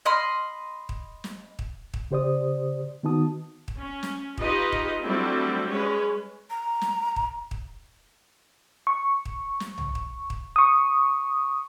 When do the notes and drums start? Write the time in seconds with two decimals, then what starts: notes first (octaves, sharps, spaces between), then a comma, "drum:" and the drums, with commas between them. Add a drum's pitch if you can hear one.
0.06 D#5 B5 C6 F6
0.89 drum: kick
1.24 drum: snare
1.59 drum: kick
1.94 drum: kick
2.11 C#3 G4 C5 D5 D#6
3.03 D#3 B3 D#4 F#4 A5 D#6
3.68 drum: kick
3.78 C#4
4.03 drum: snare
4.37 D#4 F4 G4 B4 D#5, drum: kick
4.72 drum: kick
5.02 F#3 G3 A3 C4 D4 E4
5.70 G#3 C#4 B4 C#5
6.50 A#5
6.81 drum: snare
7.16 drum: kick
7.51 drum: kick
8.87 C#6
9.25 drum: kick
9.60 drum: snare
9.78 drum: tom B1
9.95 drum: kick
10.30 drum: kick
10.56 C#6 D#6